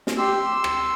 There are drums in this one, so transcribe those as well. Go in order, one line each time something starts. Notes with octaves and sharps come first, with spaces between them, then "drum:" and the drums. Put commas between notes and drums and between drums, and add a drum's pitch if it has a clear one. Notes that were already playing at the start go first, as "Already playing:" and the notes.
drum: snare
G4 C6 E6
drum: rim click